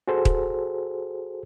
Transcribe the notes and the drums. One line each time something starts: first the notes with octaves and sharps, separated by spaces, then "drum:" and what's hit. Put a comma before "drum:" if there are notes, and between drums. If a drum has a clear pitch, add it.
F#4 G#4 A4 C5
drum: kick